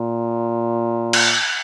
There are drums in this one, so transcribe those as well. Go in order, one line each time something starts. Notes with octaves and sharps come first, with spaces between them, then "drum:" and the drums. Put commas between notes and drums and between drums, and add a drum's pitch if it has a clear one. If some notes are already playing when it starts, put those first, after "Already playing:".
Already playing: A#2
drum: cymbal